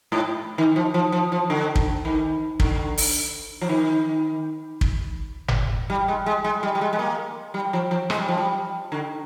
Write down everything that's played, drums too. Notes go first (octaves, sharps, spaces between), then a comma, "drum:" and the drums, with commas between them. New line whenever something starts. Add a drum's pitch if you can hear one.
G#2
D#3
F3
F3
F3
F3
D3
drum: kick
D#3
D3, drum: kick
drum: open hi-hat
F3
D#3
drum: kick
drum: tom G1
G3
G#3
G#3
G#3
G3
G3
G#3
G#3
A#3
G3
F3
F3
G#3, drum: rim click
G3
F3
G3
D3